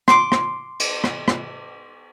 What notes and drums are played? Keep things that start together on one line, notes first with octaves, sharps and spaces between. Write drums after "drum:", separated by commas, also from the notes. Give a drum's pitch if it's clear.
C6 D6, drum: rim click
drum: rim click
drum: cymbal
drum: rim click
drum: rim click